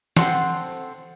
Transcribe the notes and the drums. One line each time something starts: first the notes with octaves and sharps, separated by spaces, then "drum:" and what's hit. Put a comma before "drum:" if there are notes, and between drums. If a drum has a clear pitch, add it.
C4 A4 F#5 C6, drum: snare